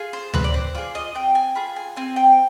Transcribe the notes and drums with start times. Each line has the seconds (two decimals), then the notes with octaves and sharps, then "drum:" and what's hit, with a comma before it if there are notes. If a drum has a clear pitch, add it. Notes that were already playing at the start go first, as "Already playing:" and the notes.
Already playing: F4 G#4
0.13 C5
0.34 C4 B4, drum: tom D2
0.44 D5
0.54 C5
0.75 F4 G#4 D5
0.95 D#5
1.15 C4 G5
1.35 G#5
1.55 F4 G#4 B5
1.76 G#5
1.96 C4 G#5
2.16 G5